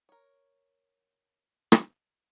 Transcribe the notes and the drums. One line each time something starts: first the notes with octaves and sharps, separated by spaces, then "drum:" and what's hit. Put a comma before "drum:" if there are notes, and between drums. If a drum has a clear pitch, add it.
A#4 C#5
drum: rim click